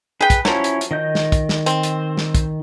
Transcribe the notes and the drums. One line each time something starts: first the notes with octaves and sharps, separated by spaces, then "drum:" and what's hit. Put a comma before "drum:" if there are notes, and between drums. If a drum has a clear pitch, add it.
G#4 B4 G5
drum: kick, hi-hat
F3 F#3 C#4 E4 C#5, drum: snare
drum: hi-hat
drum: hi-hat
D#3 D#5 G6
drum: snare
drum: kick, hi-hat
drum: snare
C4, drum: hi-hat
drum: hi-hat
drum: snare
drum: kick, hi-hat